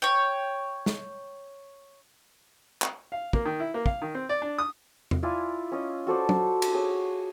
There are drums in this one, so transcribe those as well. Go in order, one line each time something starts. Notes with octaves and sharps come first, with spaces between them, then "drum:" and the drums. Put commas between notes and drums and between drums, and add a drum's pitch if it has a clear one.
C#5 G5
drum: snare
drum: clap
F5
A#3, drum: kick
D#3
E4
A#3
F5, drum: kick
D#3
C4
D5
D4
D#6
drum: tom E2
E4 F4 D5 G#5
C#4 D#5
F#4 A4 C5 D5
drum: tom
drum: cymbal
G#4 C#5